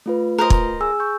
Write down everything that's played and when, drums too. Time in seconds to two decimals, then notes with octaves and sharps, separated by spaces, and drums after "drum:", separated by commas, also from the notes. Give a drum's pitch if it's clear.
0.06 A3 F4 B4
0.38 A#4 C5 D#5
0.50 drum: kick
0.81 G#4 G#5 E6
1.00 C#6 G6